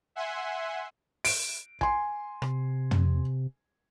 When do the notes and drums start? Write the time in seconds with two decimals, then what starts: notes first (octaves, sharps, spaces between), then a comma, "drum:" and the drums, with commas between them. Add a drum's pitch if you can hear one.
0.15 E5 F#5 G#5 C6
1.25 D7, drum: open hi-hat
1.81 G#5 C6, drum: kick
2.42 C3, drum: rim click
2.91 drum: tom